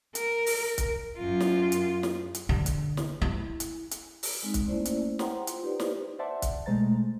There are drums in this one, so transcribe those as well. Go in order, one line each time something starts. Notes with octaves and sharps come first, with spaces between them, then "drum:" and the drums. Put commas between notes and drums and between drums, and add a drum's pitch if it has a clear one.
A#4, drum: hi-hat
drum: open hi-hat
drum: kick, hi-hat
F#2 F4
drum: snare
drum: hi-hat
drum: snare
drum: hi-hat
D3
drum: kick, hi-hat
drum: snare
E4
drum: hi-hat
drum: hi-hat
drum: open hi-hat
G#3 C4 D#4
drum: kick, hi-hat
A3 A#3 C#4 E4 C5 D5
drum: hi-hat
C5 F#5 G5 A#5 C6, drum: snare
F4, drum: hi-hat
D#4 G4 B4 C5 D5
drum: snare
C5 D5 E5 F#5 A5 C6
drum: kick, hi-hat
B2 G#3 A3 C5 A#5 A6